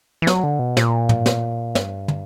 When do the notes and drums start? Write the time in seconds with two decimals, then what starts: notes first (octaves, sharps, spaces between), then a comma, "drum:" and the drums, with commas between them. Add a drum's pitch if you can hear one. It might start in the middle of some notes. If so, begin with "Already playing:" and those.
0.22 E3
0.27 F#3, drum: snare
0.44 D3
0.59 B2
0.77 A#2, drum: snare
1.09 drum: tom
1.26 drum: snare
1.75 G2, drum: snare
2.08 drum: tom